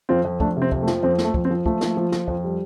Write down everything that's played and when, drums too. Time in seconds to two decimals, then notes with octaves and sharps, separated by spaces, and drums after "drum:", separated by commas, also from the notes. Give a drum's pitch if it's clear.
0.09 F2 C4 F4
0.25 F2
0.40 F2 A3 D4, drum: kick
0.57 C3
0.62 C4
0.72 F2, drum: kick
0.82 A3
0.87 F3, drum: snare
1.03 F2 C4
1.18 F3, drum: snare
1.24 A3
1.34 F2, drum: kick
1.45 C4
1.50 F3
1.66 F3 A3, drum: kick
1.81 F3, drum: snare
1.97 F3
2.12 F3, drum: snare
2.28 F2, drum: kick
2.44 G3